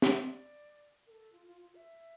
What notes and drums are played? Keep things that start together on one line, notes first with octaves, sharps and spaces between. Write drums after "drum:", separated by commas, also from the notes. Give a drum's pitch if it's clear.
E5, drum: snare
D5
A#4
A4
F4
F4
F4
E5